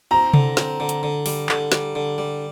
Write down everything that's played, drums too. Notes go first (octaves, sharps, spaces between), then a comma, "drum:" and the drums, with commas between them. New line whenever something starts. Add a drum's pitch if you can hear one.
C4 A#5
D3, drum: tom C3
C4, drum: snare
D3
drum: hi-hat
D3
G3, drum: open hi-hat
D3, drum: clap
G3, drum: snare
D3
G3